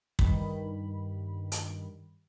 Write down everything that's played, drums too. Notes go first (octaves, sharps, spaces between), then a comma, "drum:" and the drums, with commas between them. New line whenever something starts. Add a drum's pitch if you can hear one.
G2 D#3 B5, drum: kick
drum: hi-hat